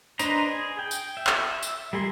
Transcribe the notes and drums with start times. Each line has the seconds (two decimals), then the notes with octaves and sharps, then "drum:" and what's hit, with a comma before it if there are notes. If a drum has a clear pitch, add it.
0.19 D4 B4 C5 D#5 A#5, drum: tambourine
0.48 G#4
0.79 G5
0.91 drum: tambourine
1.17 E5
1.27 drum: clap
1.63 drum: tambourine
1.93 G3 B3 G#4 A#4 C6